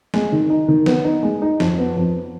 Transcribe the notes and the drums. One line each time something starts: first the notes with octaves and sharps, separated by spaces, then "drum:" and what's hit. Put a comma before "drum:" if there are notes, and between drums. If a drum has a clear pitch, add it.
G#3, drum: snare
D#3
D#4
D#3
B3, drum: snare
D#4
G#3
D#4
F2, drum: snare
B3
F2